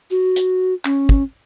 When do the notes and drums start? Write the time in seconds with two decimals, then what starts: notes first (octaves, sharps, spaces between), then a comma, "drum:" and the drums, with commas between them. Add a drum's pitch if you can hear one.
0.11 F#4
0.36 drum: hi-hat
0.85 C#4, drum: clap
1.09 drum: kick